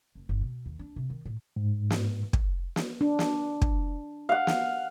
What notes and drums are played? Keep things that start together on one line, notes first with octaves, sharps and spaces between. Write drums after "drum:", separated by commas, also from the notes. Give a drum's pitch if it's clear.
F#1
G1
B2
D#2
D4
C3
D#3
A2
G#2
drum: snare
drum: kick
drum: snare
D4
drum: snare
drum: kick
F5 F#5
drum: snare